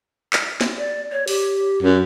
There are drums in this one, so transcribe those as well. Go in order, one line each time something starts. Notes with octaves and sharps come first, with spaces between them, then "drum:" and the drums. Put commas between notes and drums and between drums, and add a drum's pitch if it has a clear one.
drum: clap
drum: snare
D5
C#5
G4, drum: open hi-hat
F#2 C#4